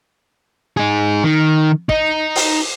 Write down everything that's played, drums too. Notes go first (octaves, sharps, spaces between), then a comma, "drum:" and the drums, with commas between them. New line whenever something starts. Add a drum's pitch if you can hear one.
D#4 G#4
D#3
D#4, drum: kick
drum: open hi-hat